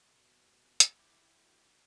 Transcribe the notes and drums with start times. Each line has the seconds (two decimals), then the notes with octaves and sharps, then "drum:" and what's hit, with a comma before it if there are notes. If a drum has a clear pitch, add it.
0.13 B2
0.80 drum: hi-hat
0.99 E4 G4
1.40 D2